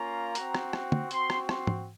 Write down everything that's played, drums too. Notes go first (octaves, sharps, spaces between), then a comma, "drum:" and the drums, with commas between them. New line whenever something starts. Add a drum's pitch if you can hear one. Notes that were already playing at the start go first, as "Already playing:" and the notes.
Already playing: A#3 C#4 F4 A#5
C4 F#4, drum: hi-hat
drum: rim click
drum: rim click
drum: tom
C4 F#4 C6, drum: hi-hat
drum: rim click
C6, drum: rim click
drum: tom G#2